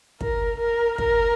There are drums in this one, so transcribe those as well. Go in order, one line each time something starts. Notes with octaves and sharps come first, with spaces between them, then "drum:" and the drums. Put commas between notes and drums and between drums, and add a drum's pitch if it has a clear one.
A#4, drum: kick
A#4
A#4, drum: kick